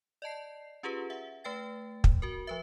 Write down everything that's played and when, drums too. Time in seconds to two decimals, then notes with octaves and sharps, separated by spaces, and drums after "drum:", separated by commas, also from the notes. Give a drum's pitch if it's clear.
0.22 D5 D#5 A5 C7
0.83 C#4 F4 G4 G#4 B4
1.10 E5 F#5
1.44 A3 B4 G5 A6
2.04 drum: kick
2.22 F#4 A#4
2.47 F3 B4 E5